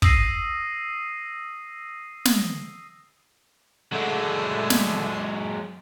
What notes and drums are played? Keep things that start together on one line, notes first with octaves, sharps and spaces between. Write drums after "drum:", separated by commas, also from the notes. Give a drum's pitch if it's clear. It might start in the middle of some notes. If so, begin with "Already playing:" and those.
D#6 E6 A#6 C7 D#7, drum: kick
drum: snare
D3 F#3 G#3 A3
drum: snare